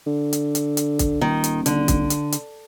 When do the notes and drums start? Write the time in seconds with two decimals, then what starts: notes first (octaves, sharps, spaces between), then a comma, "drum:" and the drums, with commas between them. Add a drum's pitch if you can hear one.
0.06 D3
0.33 drum: hi-hat
0.55 drum: hi-hat
0.77 drum: hi-hat
0.99 drum: kick, hi-hat
1.21 D#1 D#3
1.44 drum: hi-hat
1.66 D3, drum: hi-hat
1.88 drum: kick, hi-hat
2.10 drum: hi-hat
2.32 drum: hi-hat